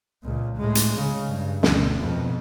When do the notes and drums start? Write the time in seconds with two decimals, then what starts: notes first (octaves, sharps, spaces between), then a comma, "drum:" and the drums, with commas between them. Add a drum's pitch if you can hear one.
0.23 C#2 A#2
0.57 A2 G#3
0.75 drum: hi-hat
0.96 C#3
1.28 G2
1.63 D2 B2, drum: snare
2.00 F2 B2